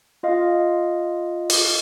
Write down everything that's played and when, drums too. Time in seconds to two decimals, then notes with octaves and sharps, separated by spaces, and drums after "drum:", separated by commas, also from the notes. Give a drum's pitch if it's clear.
0.23 F4 D#5 F5
1.50 drum: open hi-hat